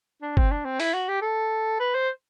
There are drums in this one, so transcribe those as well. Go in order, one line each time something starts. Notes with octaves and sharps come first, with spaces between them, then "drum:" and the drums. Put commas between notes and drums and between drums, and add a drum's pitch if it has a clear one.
D4
C4, drum: kick
D4
C4
E4, drum: open hi-hat
F#4
G4
A4
B4
C5